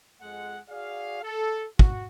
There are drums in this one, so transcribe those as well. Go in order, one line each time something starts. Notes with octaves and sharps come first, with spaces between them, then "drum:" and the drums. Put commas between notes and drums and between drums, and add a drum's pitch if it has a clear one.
F2 G#3 F#5
F#4 G#4 D5 F5
A4
F#4, drum: kick